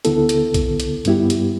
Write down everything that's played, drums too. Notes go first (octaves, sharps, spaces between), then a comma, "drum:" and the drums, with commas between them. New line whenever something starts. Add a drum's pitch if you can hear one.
D2 D3 B3 E4 A4, drum: hi-hat
drum: hi-hat
drum: kick, hi-hat
drum: hi-hat
G2 G3 B3 E4 G4, drum: hi-hat
drum: hi-hat